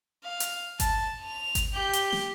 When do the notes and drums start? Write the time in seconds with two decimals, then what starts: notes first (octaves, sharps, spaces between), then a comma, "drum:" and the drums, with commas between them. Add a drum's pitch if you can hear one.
0.24 F5
0.40 drum: hi-hat
0.80 A5, drum: kick G1, hi-hat
1.21 F7
1.55 drum: kick G1, hi-hat
1.74 G4 G6
1.93 drum: hi-hat
2.12 drum: snare